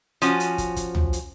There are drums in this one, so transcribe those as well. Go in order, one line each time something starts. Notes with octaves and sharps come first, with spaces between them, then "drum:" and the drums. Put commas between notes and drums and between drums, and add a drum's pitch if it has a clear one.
F3 C#4 F#4, drum: hi-hat
drum: hi-hat
drum: kick, hi-hat
drum: kick, hi-hat
drum: tom
drum: hi-hat